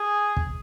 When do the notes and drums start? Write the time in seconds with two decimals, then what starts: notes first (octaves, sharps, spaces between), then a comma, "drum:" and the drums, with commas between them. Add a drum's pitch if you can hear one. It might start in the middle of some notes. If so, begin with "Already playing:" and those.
Already playing: G#4
0.37 drum: kick